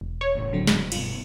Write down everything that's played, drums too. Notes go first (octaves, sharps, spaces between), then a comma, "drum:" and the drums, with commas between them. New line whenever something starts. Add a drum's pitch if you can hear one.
E1
C#5
A1 A2 C#3
D3 F#3 C4
drum: snare
G2 B2 F4, drum: cymbal